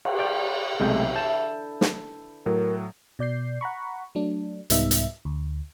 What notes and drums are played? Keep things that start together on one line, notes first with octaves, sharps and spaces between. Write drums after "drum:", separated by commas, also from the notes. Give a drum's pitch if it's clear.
drum: cymbal
D5 G5
B1 C3 E3 G#3 A3 G6
D3 E4 A5 G6 E7
drum: snare
A2 F#3 A#4
B2 D5 G6 C7
F#5 A#5 B5 C#6
F#3 A3 D4
C2 G#2 G3 B3 D#4 E5, drum: hi-hat
drum: hi-hat
D2